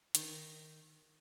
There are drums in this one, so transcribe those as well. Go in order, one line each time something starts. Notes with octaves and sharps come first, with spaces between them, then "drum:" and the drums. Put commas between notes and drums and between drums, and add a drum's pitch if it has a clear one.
D#3, drum: hi-hat